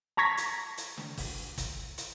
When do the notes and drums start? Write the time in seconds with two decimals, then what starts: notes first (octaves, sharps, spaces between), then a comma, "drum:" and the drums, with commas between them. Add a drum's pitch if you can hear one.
0.17 A5 A#5 C#6 G#6 A#6 B6
0.37 drum: hi-hat
0.77 drum: hi-hat
0.97 drum: snare
1.17 drum: kick, open hi-hat
1.58 drum: kick, hi-hat
1.98 drum: hi-hat